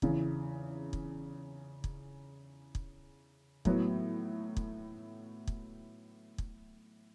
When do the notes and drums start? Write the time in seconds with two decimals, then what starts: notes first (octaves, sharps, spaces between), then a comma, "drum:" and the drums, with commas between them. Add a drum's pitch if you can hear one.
0.02 E2 C#3 E3, drum: kick
0.93 drum: kick
1.84 drum: kick
2.75 drum: kick
3.65 A2 F#3 B3, drum: kick
4.57 drum: kick
5.47 drum: kick
6.38 drum: kick